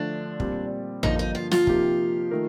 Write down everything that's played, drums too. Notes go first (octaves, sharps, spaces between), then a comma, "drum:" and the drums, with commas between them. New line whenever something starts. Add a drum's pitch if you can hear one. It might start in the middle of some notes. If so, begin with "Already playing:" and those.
Already playing: D3 F3 A3 D4
A#2 G3 C4, drum: kick
G2 D3 F3 A#3 D#4, drum: tom A1
D#4
F4
F4, drum: snare
C3 F3 A#3 D#4 G4, drum: kick
D#3 A3 D#4 A#4